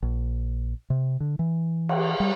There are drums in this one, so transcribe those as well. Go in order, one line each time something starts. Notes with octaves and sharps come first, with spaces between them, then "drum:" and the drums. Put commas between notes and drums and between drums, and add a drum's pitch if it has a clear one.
A#1
C3
D3
E3
drum: cymbal
G3